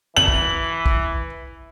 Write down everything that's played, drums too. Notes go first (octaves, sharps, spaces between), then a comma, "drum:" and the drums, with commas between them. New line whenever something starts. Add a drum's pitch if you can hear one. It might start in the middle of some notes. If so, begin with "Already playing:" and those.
E3 F#7
drum: kick
drum: kick